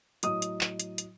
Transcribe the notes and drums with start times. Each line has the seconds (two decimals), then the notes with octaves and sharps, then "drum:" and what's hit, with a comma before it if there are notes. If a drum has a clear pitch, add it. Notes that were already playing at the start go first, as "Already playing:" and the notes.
0.23 A2 F#3 D#5 D#6, drum: hi-hat
0.42 drum: hi-hat
0.61 drum: clap
0.80 drum: hi-hat
0.98 drum: hi-hat